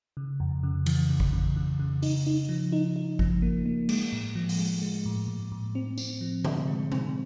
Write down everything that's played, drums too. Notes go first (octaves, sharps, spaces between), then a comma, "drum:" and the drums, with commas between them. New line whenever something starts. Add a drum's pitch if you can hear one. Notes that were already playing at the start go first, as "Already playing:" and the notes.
C#3
F2
C#3
E3, drum: cymbal
C#3
drum: kick G#1
C#3
C#3
C#3
D#4, drum: open hi-hat
D#4
F3
D#4
D#4
F3, drum: kick G#1
A#3
A#3
G#3, drum: cymbal
A2
F3
drum: open hi-hat
G#3
G#3
A2
A2
A2
C4
C4, drum: tambourine
F3
D3, drum: tom
G#3
C4, drum: tom B2